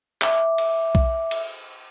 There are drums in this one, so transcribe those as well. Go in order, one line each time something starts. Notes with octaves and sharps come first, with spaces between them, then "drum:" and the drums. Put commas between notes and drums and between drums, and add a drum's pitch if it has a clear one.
E5 D6, drum: clap
drum: cymbal
drum: kick B1
drum: cymbal